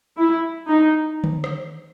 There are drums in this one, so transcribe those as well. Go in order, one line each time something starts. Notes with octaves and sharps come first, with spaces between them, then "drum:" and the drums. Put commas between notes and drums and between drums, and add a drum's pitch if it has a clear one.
E4
D#4
drum: tom D3
drum: rim click